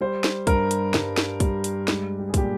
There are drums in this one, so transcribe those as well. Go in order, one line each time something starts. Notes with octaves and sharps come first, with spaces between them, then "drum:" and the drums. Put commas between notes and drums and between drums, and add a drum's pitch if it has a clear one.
G3 C5
drum: snare
G2 A#4, drum: kick, hi-hat
drum: hi-hat
G2, drum: snare
drum: snare
G3, drum: kick, hi-hat
drum: hi-hat
G#3, drum: snare
G4
G#4
A#2 G4, drum: kick, hi-hat